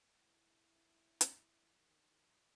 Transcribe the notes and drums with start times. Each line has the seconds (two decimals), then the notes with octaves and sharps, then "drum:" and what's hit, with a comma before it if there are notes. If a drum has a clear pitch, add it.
0.18 E4
1.21 drum: hi-hat
1.75 D#3